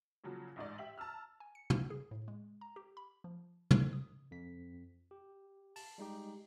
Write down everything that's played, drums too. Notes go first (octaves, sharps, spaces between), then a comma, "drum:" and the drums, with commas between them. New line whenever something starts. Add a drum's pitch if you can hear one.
A#2 C#3 F3 F#3
A1 G#2 D#4 D5
G4 E5 F#7
A5 A#5 E6 F6
G#5
C#7
F3, drum: tom
G#4
A2
G#3
A#5
G4
B5
F3
drum: tom
D#6
F2 B6
G4
A5, drum: open hi-hat
G3 G#3 D#4 G4